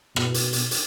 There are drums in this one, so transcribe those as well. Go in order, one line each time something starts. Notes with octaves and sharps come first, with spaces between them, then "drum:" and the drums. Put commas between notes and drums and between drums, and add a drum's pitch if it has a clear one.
B2, drum: rim click
drum: hi-hat
drum: hi-hat
drum: hi-hat